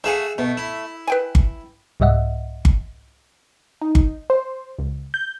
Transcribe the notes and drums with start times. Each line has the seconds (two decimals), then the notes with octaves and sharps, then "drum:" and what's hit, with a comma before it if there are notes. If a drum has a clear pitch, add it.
0.04 A3 F#4 G#4 E5 F5 G#5
0.38 B2 A3
0.57 E4
1.07 B4 G5 G#5
1.35 drum: kick G1
2.00 C2 G#2 G3 D#5 E5 F#5
2.65 drum: kick G1
3.81 D#4
3.95 drum: kick G1
4.30 C5
4.79 C#2
5.14 G6